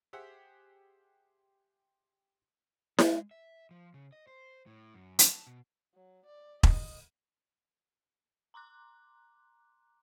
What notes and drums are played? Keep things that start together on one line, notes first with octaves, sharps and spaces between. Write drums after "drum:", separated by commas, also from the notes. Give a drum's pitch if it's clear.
G4 G#4 C5 E5 F#5
G#3, drum: snare E4
E5
F3
C#3
D#5
C5
A2
F#2
A5, drum: hi-hat
B2
F#3
D5
D#5, drum: kick E1
A#5 C6 D6 F#6